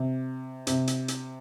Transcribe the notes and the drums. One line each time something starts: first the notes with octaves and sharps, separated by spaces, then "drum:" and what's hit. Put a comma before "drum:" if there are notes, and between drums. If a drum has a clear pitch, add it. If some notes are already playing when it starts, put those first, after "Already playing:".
Already playing: C3
C3, drum: hi-hat
drum: hi-hat
drum: hi-hat